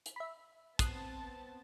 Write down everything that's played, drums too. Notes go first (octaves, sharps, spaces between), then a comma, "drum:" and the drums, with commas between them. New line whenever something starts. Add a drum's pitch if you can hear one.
drum: hi-hat
E5 B5
B3 C4 A5 D#6 F#6 C7, drum: kick, hi-hat